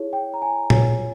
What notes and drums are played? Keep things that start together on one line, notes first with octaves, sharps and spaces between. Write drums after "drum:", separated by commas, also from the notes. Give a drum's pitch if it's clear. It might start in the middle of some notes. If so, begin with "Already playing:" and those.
Already playing: E4 G#4 C#5
G5
A#5
G#5
F4 G#4 C#5 G#5, drum: tom A#2